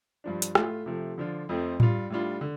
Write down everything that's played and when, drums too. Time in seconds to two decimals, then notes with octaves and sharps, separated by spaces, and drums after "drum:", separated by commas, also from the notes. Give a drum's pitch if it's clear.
0.24 G2 F3 D4
0.42 drum: hi-hat
0.55 A2 A3 F4, drum: rim click
0.86 C3 F3 A3
1.18 D3 F3 D4 F4
1.49 F2 F3 A3 C4
1.80 G2 G3 F4, drum: tom A2
2.10 A2 G3 D4 F4
2.41 D3